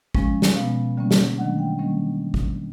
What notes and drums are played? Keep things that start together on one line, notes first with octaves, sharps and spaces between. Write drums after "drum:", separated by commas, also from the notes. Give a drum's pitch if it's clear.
F3 G#3 C#4, drum: kick
drum: snare
B2 G#3 B3 F5
D3 G3 A#3 C#4
drum: snare
D#3 F#3 A3 D4 F#5
G5
D#3 G3 A#3 C#4
drum: kick